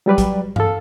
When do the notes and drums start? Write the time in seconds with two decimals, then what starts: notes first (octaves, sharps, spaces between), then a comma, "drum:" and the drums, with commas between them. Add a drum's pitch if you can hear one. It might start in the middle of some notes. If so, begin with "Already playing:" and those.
0.06 F#3 G3 B4 D5
0.18 drum: kick, hi-hat
0.56 A4 F5, drum: tom G2